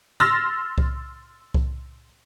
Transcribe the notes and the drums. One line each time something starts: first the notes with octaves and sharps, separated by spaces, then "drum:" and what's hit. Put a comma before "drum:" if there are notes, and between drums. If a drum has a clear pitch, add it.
C6 E6 F6 A6 A#6
drum: kick C2
drum: kick C2